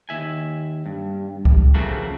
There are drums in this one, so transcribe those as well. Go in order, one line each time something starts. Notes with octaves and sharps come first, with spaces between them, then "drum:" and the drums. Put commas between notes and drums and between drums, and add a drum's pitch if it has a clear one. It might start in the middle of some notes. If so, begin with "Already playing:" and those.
D#2 E5 G#5
G2
drum: kick C#2
C#3 F3 A3 A#3 C4 F#4